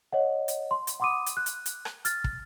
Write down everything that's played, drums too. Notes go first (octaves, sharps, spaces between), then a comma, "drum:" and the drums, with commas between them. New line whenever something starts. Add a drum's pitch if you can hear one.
C#5 D#5 F#5
drum: hi-hat
C6
drum: hi-hat
F#5 B5 C6 D6 D#6 D#7
drum: hi-hat
F#6
drum: hi-hat
drum: hi-hat
drum: rim click
F6 A6, drum: hi-hat
drum: kick